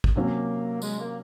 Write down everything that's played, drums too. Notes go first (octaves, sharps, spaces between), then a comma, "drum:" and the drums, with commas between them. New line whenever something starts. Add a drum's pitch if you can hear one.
drum: kick
C3 F#3 A#3 C#4
G#3, drum: tambourine
A#3